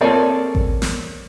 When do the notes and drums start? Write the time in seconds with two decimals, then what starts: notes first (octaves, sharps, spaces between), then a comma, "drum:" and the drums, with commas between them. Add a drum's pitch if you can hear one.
0.01 A#3 C4 G#4 A4 C#5 D5
0.55 drum: kick A1
0.82 drum: snare